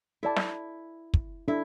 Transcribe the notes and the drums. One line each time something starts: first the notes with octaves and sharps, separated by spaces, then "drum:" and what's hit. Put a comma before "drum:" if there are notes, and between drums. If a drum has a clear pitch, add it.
E4 A4 D5 A5
drum: snare
drum: kick
D4 E4 A4 E5